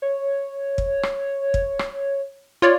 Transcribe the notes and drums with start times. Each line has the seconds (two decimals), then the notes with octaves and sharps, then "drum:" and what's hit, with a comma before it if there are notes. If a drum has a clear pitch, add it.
0.02 C#5
0.78 drum: kick
1.03 drum: rim click
1.54 drum: kick
1.79 drum: rim click
2.62 F4 C#5 D5